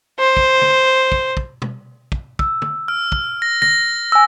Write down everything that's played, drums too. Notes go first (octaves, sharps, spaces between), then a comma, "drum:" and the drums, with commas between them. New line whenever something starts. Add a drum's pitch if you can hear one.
C5
drum: kick
drum: tom
drum: kick
drum: kick
drum: tom
drum: kick
E6, drum: kick
drum: tom
F6
drum: kick
A#6
A#6, drum: tom
G#5 E6